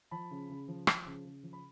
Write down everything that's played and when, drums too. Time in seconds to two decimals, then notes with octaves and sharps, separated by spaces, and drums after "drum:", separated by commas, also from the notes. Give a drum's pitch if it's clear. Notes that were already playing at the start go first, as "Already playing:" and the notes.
0.11 F3 A5 B5
0.31 C#3
0.50 C#3
0.68 F3
0.87 F3, drum: rim click
1.06 C#3
1.25 C#3
1.43 F3
1.53 B5